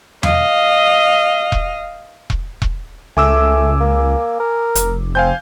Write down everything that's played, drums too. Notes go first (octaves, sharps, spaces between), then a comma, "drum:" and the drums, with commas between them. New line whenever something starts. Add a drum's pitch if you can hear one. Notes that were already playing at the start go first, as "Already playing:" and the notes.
D#5 F5, drum: tom E2
drum: kick E1
drum: kick E1
drum: kick E1
C#2 A3 G#5 D6 E6
A#3
A#4
F1, drum: hi-hat
C4 F5 G#5 G6